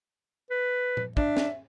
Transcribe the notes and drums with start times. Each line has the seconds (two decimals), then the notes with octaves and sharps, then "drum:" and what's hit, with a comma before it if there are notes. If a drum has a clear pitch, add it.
0.51 B4
0.97 drum: tom A#2
1.17 D4 E5, drum: kick
1.37 drum: snare